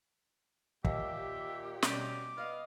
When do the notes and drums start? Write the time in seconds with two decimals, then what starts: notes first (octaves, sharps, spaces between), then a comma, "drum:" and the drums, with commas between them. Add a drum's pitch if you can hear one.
0.85 D#2 A#2 G4 E5, drum: kick
1.82 B2 G3 C#4 G4 D#5 D6, drum: snare
2.38 B3 D#5 F5